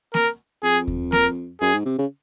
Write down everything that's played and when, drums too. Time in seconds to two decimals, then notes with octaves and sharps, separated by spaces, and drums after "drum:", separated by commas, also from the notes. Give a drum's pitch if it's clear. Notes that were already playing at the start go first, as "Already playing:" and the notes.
0.14 A#4, drum: snare A#3
0.63 F2 G#4
0.88 drum: kick D#2
1.12 A#4, drum: snare A#3
1.61 F#2 G#4
1.73 G#2
1.85 C3
1.98 C#3